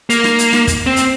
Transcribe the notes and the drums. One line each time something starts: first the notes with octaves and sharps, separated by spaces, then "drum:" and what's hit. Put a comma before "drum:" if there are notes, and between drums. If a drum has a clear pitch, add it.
A#3, drum: hi-hat
drum: snare
drum: hi-hat
drum: snare
drum: kick, hi-hat
C4
drum: hi-hat